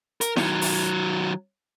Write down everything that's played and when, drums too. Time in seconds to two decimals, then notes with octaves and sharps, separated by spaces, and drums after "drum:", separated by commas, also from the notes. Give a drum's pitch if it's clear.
0.21 A#4, drum: hi-hat
0.36 D#3 F#3, drum: snare E4
0.62 drum: open hi-hat